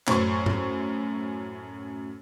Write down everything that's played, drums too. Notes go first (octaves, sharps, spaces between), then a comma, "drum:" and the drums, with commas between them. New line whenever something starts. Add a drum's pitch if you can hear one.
F#2 A2 C#4 C5 C#6, drum: clap
drum: tom G#2